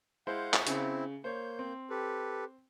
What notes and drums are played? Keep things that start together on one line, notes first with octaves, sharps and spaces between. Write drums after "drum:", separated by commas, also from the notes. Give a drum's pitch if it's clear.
G#3 E4 C5 F5 F#5 G6
drum: clap
C#3 C4 E4, drum: hi-hat
A#3 C5 C#5 G6
C4
G4 A4 B4